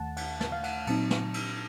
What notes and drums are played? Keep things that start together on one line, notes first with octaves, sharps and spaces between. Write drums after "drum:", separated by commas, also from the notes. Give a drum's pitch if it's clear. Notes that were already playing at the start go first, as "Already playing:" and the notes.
Already playing: D#2 D#3 A3 F#5 A5
F#5, drum: cymbal
A5, drum: snare
F5
F#5, drum: cymbal
A#2 F#3 C4 D#4 A5, drum: cymbal
drum: snare
drum: cymbal